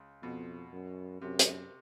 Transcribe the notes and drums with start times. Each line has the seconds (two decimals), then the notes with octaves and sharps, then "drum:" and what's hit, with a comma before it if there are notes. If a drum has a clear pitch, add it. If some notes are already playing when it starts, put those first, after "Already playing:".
Already playing: C#2
0.22 F2 B2
0.73 F#2
1.21 F#2 C3
1.39 drum: hi-hat